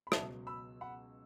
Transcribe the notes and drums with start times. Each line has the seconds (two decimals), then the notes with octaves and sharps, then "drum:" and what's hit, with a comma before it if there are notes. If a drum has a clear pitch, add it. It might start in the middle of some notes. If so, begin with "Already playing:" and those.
0.07 B5
0.12 C#2 B2 F#3 E5 A5, drum: rim click
0.47 B5 E6
0.81 F#5 B5